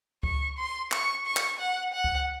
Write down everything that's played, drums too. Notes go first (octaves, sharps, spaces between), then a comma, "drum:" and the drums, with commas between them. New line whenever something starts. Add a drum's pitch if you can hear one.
C#6, drum: kick C#2
C6
C#6, drum: clap
C#6
drum: clap
F#5
F#5
drum: kick C#2